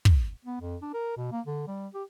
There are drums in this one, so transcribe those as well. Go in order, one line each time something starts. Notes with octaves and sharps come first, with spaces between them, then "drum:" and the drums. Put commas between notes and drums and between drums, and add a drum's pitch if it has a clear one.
drum: kick
B3
F2
D4
A#4
B2
A#3
D3
G3
G4